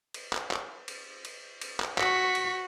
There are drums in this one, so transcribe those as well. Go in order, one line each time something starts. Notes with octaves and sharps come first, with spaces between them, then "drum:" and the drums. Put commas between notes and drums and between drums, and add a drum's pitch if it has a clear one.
drum: cymbal
drum: clap
drum: clap
drum: cymbal
drum: cymbal
drum: cymbal
drum: clap
F#4 C#6 B6, drum: clap
drum: cymbal